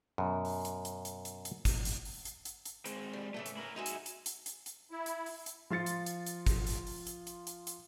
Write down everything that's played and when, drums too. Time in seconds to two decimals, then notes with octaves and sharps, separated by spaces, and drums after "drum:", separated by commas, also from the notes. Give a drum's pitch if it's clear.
0.18 F#2 B2
0.45 drum: open hi-hat
0.65 drum: hi-hat
0.85 drum: hi-hat
1.05 drum: hi-hat
1.25 drum: hi-hat
1.45 drum: hi-hat
1.65 drum: kick, hi-hat
1.85 drum: hi-hat
2.05 drum: open hi-hat
2.25 drum: hi-hat
2.45 drum: hi-hat
2.65 drum: hi-hat
2.86 G#3 C4, drum: hi-hat
3.13 G3
3.34 A2 C#3 E3 A3
3.46 drum: hi-hat
3.57 E4 A#4
3.76 G#3 D#4 F#4 G#4 E5
3.86 drum: hi-hat
4.06 drum: hi-hat
4.26 drum: hi-hat
4.46 drum: hi-hat
4.66 drum: hi-hat
4.91 E4
5.06 drum: hi-hat
5.26 drum: open hi-hat
5.46 drum: hi-hat
5.70 F3 F4 C6 A6 C#7
5.86 drum: hi-hat
6.06 drum: hi-hat
6.26 drum: hi-hat
6.47 drum: kick, hi-hat
6.67 drum: hi-hat
6.87 drum: open hi-hat
7.07 drum: hi-hat
7.27 drum: hi-hat
7.47 drum: hi-hat
7.67 drum: hi-hat